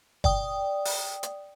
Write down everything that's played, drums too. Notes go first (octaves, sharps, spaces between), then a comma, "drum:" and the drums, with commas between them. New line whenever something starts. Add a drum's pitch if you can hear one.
D5 G5 D#6, drum: kick
drum: open hi-hat
drum: hi-hat